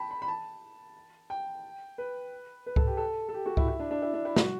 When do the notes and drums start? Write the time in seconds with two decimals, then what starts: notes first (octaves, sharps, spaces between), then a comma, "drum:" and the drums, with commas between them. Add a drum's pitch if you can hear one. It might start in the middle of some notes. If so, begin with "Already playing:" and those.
Already playing: G5 A5 B5
0.11 B5
0.22 B5
0.28 A5
1.30 G5
1.98 B4
2.66 B4
2.76 A4, drum: kick C#2
2.87 G4
2.97 A4
3.29 A4
3.34 G4
3.46 F#4
3.57 E4, drum: kick C#2
3.68 E4
3.80 D4
3.91 D4
4.02 E4
4.14 D4
4.25 E4
4.36 F#4, drum: snare